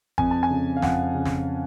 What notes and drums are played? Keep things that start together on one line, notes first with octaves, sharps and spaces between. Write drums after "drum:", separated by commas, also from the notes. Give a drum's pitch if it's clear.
F2 G#5, drum: kick G#1
A5
G#5
C#3
F5
F2 F#5, drum: snare
C#3
drum: snare